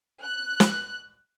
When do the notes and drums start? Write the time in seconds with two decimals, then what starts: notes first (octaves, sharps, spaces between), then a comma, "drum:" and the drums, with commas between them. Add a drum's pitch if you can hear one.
0.22 F#6
0.60 drum: snare